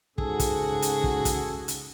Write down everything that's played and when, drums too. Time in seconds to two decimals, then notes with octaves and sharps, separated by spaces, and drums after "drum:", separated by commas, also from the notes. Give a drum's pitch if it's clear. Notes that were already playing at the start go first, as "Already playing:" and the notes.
0.18 G#2 C#3 F#4 G#4 A4, drum: kick
0.40 drum: kick, hi-hat
0.82 drum: hi-hat
1.04 drum: kick
1.25 drum: kick, hi-hat
1.68 drum: hi-hat